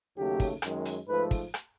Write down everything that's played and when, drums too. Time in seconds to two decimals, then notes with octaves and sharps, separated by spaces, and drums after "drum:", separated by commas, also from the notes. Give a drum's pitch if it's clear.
0.17 D#2 C#3 F#3 A3 G4
0.40 drum: kick, open hi-hat
0.62 F#2 D#3 G#3, drum: rim click
0.85 drum: hi-hat
1.08 G#2 F3 A3 B4
1.31 drum: kick, open hi-hat
1.54 drum: rim click